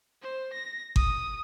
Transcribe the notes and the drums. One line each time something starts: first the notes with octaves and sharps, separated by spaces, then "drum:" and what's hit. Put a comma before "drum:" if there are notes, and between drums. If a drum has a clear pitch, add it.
C5
A#6
D#6, drum: kick G1